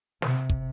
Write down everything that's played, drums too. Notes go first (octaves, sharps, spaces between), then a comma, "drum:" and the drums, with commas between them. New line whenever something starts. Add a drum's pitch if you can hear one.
C3, drum: snare
drum: kick